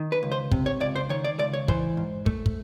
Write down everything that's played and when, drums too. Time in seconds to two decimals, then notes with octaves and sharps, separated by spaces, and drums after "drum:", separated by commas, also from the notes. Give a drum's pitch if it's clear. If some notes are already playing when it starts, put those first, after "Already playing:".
Already playing: D#3
0.12 B4
0.23 C#2
0.32 C5
0.52 C3, drum: kick
0.66 C#5
0.80 C#2 D5
0.96 C5
1.09 D#3 C#5
1.24 D5
1.39 C#2 D5
1.53 C#5
1.68 E3 C5, drum: kick
1.97 G#2
2.26 A3, drum: kick
2.46 drum: kick